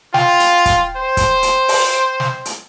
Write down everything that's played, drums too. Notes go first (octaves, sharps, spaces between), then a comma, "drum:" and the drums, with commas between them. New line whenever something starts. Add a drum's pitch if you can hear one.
F4 G5, drum: snare
drum: hi-hat
drum: kick, hi-hat
C5
drum: kick, hi-hat
drum: hi-hat
drum: open hi-hat
drum: snare
drum: hi-hat